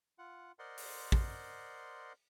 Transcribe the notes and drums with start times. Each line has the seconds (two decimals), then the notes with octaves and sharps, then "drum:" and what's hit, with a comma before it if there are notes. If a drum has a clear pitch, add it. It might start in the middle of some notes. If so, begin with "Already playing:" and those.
0.18 F4 F#5
0.59 A#4 C5 D5 D#5 F#5 C6
0.78 drum: open hi-hat
1.12 drum: kick